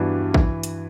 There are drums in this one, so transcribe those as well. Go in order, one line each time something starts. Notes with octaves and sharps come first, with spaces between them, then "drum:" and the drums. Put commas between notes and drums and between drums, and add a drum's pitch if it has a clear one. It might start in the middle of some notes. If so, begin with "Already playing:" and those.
Already playing: G2 E3 B3 D4 F#4
E3, drum: kick
drum: hi-hat